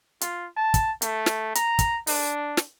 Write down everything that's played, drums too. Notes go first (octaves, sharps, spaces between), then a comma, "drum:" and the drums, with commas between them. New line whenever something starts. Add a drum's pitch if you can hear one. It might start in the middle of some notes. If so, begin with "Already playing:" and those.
F4, drum: hi-hat
A5
drum: kick, hi-hat
A3, drum: hi-hat
drum: snare
A#5, drum: hi-hat
drum: kick, hi-hat
D4, drum: open hi-hat
drum: snare